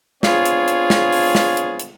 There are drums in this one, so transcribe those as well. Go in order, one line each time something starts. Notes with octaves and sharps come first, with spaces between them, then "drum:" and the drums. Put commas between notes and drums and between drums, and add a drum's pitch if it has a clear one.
B3 C4 D4 F4 G#4 C#5, drum: snare
drum: hi-hat
drum: hi-hat
drum: snare
drum: open hi-hat
drum: snare
drum: hi-hat
drum: hi-hat